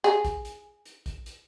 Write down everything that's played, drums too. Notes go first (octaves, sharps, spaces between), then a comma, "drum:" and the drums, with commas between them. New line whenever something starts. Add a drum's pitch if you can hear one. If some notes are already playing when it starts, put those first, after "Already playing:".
G#4, drum: hi-hat
drum: kick, hi-hat
drum: hi-hat
drum: hi-hat
drum: kick, hi-hat
drum: hi-hat